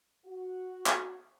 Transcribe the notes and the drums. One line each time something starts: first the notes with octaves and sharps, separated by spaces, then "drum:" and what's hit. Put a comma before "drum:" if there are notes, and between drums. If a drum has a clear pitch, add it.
F#4
drum: clap